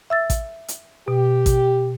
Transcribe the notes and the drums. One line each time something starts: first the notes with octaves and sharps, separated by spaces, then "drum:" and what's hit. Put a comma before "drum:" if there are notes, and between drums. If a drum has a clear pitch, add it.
E5 E6 A6
drum: kick A1, hi-hat
drum: hi-hat
B2 G4
drum: kick A1, hi-hat